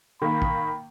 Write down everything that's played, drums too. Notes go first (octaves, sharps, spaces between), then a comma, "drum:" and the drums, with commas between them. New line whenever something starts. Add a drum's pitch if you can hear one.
D#3 A#3 B5
drum: kick